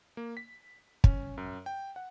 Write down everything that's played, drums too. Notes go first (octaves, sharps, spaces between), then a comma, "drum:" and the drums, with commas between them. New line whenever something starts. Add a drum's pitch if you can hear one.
A#3
B6
C#4, drum: kick
F#2
G5
F#5